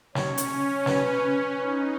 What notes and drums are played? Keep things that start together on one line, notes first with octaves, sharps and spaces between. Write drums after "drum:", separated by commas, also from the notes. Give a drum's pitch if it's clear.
C#4 C#5, drum: snare
drum: hi-hat
B4, drum: snare
D#4 B4